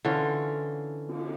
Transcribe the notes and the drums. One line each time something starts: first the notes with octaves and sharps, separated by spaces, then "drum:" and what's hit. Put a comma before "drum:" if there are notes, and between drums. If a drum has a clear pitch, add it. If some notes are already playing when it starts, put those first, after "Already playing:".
D3 E3 C#4 F4
drum: cymbal